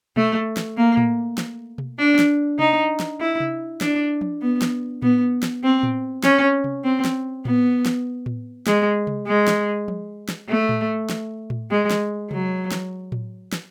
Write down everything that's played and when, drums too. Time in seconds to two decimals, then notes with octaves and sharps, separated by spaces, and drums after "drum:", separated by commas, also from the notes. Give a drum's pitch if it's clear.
0.16 A3, drum: tom B2
0.57 drum: snare
0.77 A#3
0.97 drum: tom A2
1.38 drum: snare
1.78 drum: tom B2
1.99 D4
2.19 drum: snare
2.59 D#4, drum: tom C3
3.00 drum: snare
3.20 E4
3.40 drum: tom C3
3.81 D4, drum: snare
4.21 drum: tom F3
4.42 B3
4.62 drum: snare
5.02 B3, drum: tom A2
5.43 drum: snare
5.63 C4
5.83 drum: tom A2
6.24 C#4, drum: snare
6.64 drum: tom C3
6.84 C4
7.05 drum: snare
7.45 B3, drum: tom A2
7.86 drum: snare
8.26 drum: tom A2
8.67 G#3, drum: snare
9.07 drum: tom C3
9.27 G#3
9.48 drum: snare
9.88 drum: tom F3
10.29 drum: snare
10.49 A3
10.69 drum: tom A2
11.10 drum: snare
11.50 drum: tom A2
11.71 G#3
11.91 drum: snare
12.31 F#3, drum: tom C3
12.72 drum: snare
13.12 drum: tom A2
13.53 drum: snare